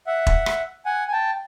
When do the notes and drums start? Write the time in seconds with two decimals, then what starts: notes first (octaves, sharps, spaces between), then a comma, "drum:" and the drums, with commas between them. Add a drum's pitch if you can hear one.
0.07 E5 F#5
0.27 drum: kick E1
0.46 drum: rim click
0.85 F#5 G#5
1.08 G#5
1.12 G5 A5